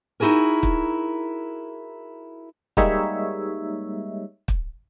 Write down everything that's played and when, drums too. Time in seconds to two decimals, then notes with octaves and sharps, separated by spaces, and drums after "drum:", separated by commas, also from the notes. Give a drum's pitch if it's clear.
0.20 D#4 E4 F#4 G#4 A#4
0.63 drum: kick
2.77 G3 G#3 A#3 D#4 C#5 E5, drum: kick
4.48 drum: kick